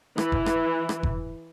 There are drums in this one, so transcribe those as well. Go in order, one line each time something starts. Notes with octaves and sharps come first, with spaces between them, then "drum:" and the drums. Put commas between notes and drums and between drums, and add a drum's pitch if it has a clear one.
E3, drum: rim click
drum: kick F1
drum: rim click
drum: rim click
drum: kick F1